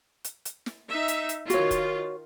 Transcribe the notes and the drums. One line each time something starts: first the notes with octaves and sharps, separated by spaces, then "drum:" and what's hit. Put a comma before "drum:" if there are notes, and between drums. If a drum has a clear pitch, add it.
drum: hi-hat
drum: hi-hat
drum: snare
D#4 E5
drum: hi-hat
drum: hi-hat
D#3 F4 F#4 C#5, drum: hi-hat
drum: kick F1, hi-hat